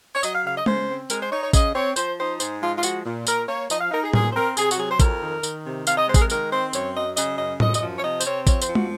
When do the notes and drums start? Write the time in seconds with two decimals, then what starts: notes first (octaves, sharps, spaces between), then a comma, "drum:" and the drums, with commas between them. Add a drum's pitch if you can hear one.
0.15 C#5
0.23 F#3 D#5, drum: tambourine
0.34 F5
0.45 C#3 F5
0.56 D#5
0.66 C#3 C5, drum: tom
0.88 C4
1.10 G#3 A#4, drum: tambourine
1.21 C5
1.32 D#4 C#5
1.42 C#5
1.53 C#3 D#5, drum: kick A1, tambourine
1.75 C4 C#5
1.96 F3 C5, drum: tambourine
2.18 D#4 C5
2.40 G#2 C5, drum: tambourine
2.62 G#3 F4
2.76 F4
2.83 F3 F#4, drum: tambourine
3.05 A#2
3.27 A#2 A#4, drum: tambourine
3.48 A#3 C#5
3.70 F3 D#5, drum: tambourine
3.81 F5
3.91 D#4 A#4
4.03 G#4
4.13 A#2 G#4, drum: tom A2
4.31 C5
4.35 C4 A#4
4.57 C3 G#4, drum: tambourine
4.71 F#4, drum: tambourine
4.78 F#3 G#4
4.90 C5
5.00 F2 A#4, drum: kick A1, tambourine
5.22 D#3
5.43 D#3, drum: tambourine
5.66 C3
5.87 C3 F5, drum: tambourine
5.97 D#5
6.08 G#3 C5
6.14 G#4, drum: kick A1, tambourine
6.19 A#4
6.30 D#3 A#4, drum: tambourine
6.52 C4 C5
6.73 F#2 C#5, drum: tambourine
6.95 F#3 D#5
7.17 C#3 D#5, drum: tambourine
7.38 F#2 D#5
7.60 F#2 D#5, drum: tom A2
7.74 D#5, drum: tambourine
7.82 F3
7.98 C#5
8.04 C3 D#5
8.21 C5, drum: tambourine
8.25 C4 C#5
8.47 F2 C#5, drum: kick A1, tambourine
8.62 C5, drum: tambourine
8.69 F3
8.75 F#4, drum: tom